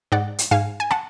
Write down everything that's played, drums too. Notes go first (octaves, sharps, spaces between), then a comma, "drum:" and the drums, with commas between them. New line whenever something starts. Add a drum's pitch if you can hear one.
G#2 D5 F#5
drum: hi-hat
G#2 F5 G#5
G#5
F#5 A5, drum: rim click